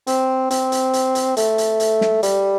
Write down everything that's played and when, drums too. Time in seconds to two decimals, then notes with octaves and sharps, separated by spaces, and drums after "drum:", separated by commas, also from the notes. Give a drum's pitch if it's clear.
0.07 C4, drum: hi-hat
0.51 C4, drum: hi-hat
0.72 drum: hi-hat
0.93 drum: hi-hat
1.15 drum: hi-hat
1.37 A3, drum: hi-hat
1.58 drum: hi-hat
1.80 drum: hi-hat
2.01 drum: snare
2.23 G3, drum: hi-hat